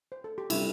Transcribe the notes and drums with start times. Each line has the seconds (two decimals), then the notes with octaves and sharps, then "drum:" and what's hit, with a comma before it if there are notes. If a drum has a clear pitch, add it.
0.12 C5
0.24 A4
0.38 G4
0.50 C3 G3 D4 E4 A4, drum: cymbal